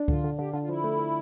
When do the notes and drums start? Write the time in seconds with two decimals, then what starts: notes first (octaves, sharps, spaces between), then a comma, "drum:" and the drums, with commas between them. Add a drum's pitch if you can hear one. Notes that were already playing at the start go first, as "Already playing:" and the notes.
Already playing: D4
0.08 D3 F4, drum: kick C#2
0.24 D3
0.39 D3 G4
0.49 F4
0.54 D3
0.62 F4
0.69 F3 E4
0.84 A3
0.99 A3